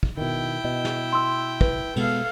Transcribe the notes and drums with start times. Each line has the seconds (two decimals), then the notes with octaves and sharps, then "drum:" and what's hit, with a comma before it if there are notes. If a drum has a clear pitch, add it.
0.03 drum: kick
0.17 B2 D#3 E4 G5
0.64 B2 D#5
0.85 drum: snare
1.13 C6 E6
1.61 B4, drum: kick
1.96 B2 G#3 B3 A4 F5, drum: cymbal